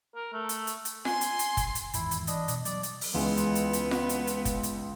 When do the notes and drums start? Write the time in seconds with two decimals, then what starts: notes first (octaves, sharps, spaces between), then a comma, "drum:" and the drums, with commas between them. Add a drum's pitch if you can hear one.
0.16 A#4
0.34 A3
0.49 drum: hi-hat
0.67 drum: hi-hat
0.85 drum: hi-hat
1.05 G#5 C6, drum: snare F4
1.21 drum: hi-hat
1.39 drum: hi-hat
1.57 drum: kick, hi-hat
1.75 drum: hi-hat
1.94 G#1 E2 E4, drum: hi-hat
2.11 drum: hi-hat
2.27 G2 E3 D4 D#5, drum: hi-hat
2.48 B2, drum: hi-hat
2.65 F#3 G3 D5, drum: hi-hat
2.83 drum: hi-hat
3.01 drum: open hi-hat
3.14 C#2 E3 G#3 B3
3.37 drum: hi-hat
3.55 drum: hi-hat
3.73 drum: hi-hat
3.91 drum: snare F4
4.09 drum: hi-hat
4.27 drum: hi-hat
4.45 drum: kick, hi-hat
4.63 drum: hi-hat